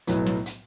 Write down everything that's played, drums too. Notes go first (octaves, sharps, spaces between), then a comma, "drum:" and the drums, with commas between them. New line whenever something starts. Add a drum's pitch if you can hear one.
B1 A2 F#3 B3, drum: hi-hat
drum: snare
drum: hi-hat